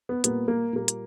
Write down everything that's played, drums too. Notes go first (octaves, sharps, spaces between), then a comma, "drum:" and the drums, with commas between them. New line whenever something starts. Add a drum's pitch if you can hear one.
B3
A#2 G3 A#3 B3, drum: hi-hat
A#3
A#2 G3 A#3
drum: hi-hat